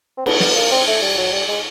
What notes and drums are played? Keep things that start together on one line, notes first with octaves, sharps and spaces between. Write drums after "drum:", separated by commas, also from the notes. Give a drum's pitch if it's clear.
C4
B3, drum: cymbal
B3, drum: snare
A#3
C4
A3
G3
F#3
G3
G#3